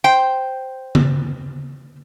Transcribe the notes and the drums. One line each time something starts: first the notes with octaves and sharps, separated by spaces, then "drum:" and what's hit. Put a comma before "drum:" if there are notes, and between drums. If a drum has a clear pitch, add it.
C5 G5
drum: tom C#3